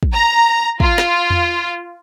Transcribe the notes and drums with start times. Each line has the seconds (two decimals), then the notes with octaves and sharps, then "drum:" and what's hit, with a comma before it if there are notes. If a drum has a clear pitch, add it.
0.03 drum: kick
0.13 A#5
0.80 F4, drum: kick
0.98 drum: snare
1.30 drum: tom E2